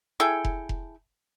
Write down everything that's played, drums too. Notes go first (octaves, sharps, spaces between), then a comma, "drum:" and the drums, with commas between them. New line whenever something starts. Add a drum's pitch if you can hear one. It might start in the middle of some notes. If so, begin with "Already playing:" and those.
E4 G#4 A4 G5
drum: kick F1
drum: kick F1